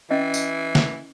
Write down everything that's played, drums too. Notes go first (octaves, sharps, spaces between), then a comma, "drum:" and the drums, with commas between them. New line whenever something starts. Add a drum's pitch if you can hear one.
E3 C#4 D#5
drum: tambourine
drum: snare